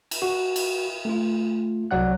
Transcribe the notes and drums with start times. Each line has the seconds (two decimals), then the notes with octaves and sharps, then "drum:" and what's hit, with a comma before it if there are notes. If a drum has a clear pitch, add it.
0.11 drum: cymbal
0.22 F#4
0.56 drum: cymbal
1.05 A3 F4
1.91 C2 F#3 D5 F#5 F#6